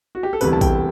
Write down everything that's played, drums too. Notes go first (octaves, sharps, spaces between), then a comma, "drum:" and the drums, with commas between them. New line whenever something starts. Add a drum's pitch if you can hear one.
F#4
G4
A4
E1 D2 C3 E3 G3 B4, drum: tambourine
A5
G5, drum: kick, tambourine